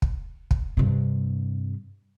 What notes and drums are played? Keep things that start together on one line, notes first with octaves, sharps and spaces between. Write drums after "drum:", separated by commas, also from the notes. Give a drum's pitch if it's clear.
drum: kick
drum: kick
G2 C3